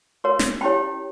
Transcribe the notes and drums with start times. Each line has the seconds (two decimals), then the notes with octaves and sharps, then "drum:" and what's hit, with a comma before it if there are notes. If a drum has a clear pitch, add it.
0.24 F#4 A#4 C#5
0.39 drum: snare
0.61 C#4 E4 G4 C#5 G5 B5